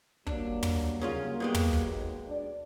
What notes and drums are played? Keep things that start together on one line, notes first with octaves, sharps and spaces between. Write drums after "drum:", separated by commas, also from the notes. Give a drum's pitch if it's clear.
F#3 G3 A#3 D4, drum: kick
drum: tom
C#3 C#4 F4
B2 G#3 G4
drum: tom
drum: kick
D#2
D4 D5